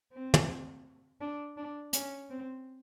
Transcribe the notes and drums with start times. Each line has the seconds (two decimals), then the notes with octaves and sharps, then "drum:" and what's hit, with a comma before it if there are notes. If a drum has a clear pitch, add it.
0.13 C4
0.34 drum: tom
1.21 D4
1.57 D4
1.93 C#4, drum: hi-hat
2.30 C4